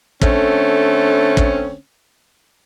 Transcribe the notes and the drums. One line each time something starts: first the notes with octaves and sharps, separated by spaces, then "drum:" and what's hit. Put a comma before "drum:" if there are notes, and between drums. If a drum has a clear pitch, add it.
D3 A3 C4 C#4, drum: kick
drum: kick